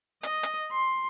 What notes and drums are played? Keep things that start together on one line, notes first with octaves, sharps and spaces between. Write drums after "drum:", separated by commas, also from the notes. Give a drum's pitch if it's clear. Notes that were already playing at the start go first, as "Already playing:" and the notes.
D#5, drum: hi-hat
drum: hi-hat
C6